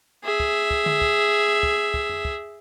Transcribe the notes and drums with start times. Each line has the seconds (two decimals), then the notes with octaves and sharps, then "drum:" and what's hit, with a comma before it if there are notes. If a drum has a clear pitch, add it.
0.24 G#4 E5
0.40 drum: kick
0.71 drum: kick
0.86 drum: tom D3
1.01 drum: kick
1.63 drum: kick
1.94 drum: kick
2.09 drum: tom F2
2.25 drum: kick